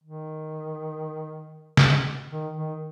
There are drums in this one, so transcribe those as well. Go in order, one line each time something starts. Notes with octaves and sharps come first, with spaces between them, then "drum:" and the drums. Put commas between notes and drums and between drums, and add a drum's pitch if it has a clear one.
D#3
drum: snare
D#3
D#3